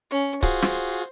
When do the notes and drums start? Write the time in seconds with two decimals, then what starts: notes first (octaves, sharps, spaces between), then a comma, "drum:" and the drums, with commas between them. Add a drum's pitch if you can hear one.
0.10 C#4
0.43 F4 F#4 G#4 C5, drum: kick C#1
0.62 drum: snare